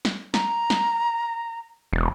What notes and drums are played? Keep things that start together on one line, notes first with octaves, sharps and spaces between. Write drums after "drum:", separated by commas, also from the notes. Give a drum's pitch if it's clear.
drum: snare
A#5, drum: snare
drum: snare
E1